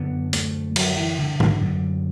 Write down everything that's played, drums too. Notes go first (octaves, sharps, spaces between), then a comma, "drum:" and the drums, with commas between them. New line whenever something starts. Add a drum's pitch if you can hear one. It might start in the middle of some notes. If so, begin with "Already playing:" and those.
Already playing: F#2 D3 B3
A3, drum: hi-hat
F#3, drum: cymbal
E3
D3
D3, drum: tom G#2
F#2 D3